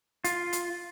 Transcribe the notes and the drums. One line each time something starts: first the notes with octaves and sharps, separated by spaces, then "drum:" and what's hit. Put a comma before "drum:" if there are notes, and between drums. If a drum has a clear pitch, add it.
F4, drum: hi-hat
drum: hi-hat